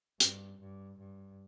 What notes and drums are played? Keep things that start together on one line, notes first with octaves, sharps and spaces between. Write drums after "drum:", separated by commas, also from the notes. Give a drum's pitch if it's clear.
G2, drum: hi-hat
G2
G2